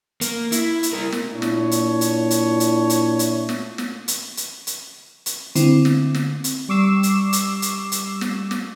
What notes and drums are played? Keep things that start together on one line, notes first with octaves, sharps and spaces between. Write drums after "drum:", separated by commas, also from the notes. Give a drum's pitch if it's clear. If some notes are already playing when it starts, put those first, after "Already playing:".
A#3, drum: hi-hat
E4, drum: hi-hat
drum: hi-hat
E4 A#4
drum: snare
A#2 D4 E4 C#5
drum: snare
drum: hi-hat
drum: hi-hat
drum: hi-hat
drum: hi-hat
drum: hi-hat
drum: hi-hat
drum: snare
drum: snare
drum: hi-hat
drum: hi-hat
drum: hi-hat
drum: hi-hat
D3 C4 E4, drum: hi-hat
drum: snare
drum: snare
drum: hi-hat
G3 C#6 D6 E6 C7 E7
drum: hi-hat
drum: hi-hat
drum: hi-hat
drum: hi-hat
drum: snare
drum: snare